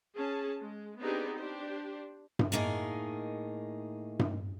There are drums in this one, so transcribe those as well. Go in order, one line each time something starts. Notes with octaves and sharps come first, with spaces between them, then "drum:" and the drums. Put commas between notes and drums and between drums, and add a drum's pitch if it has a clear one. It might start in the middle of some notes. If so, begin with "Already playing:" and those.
C#4 G#4 A5
G#3
B3 C4 D4 D#4 G4 G#4
D4 G4 C5
drum: tom G2
A2 D#3 A#3 D#4 G#4
drum: tom G2